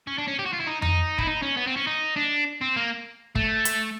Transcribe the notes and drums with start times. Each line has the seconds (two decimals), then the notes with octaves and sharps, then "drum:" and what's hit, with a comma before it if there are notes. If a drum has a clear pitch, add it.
0.07 C#4
0.18 D4
0.27 C#4
0.39 G4
0.46 F#4
0.53 F4
0.60 E4
0.67 D#4
0.82 D#4, drum: tom F2
1.18 E4, drum: kick
1.27 D#4
1.42 C#4
1.57 B3
1.67 C4
1.76 C#4
1.87 D#4
2.16 D4
2.61 C4
2.76 A#3
3.35 A3, drum: kick
3.65 drum: hi-hat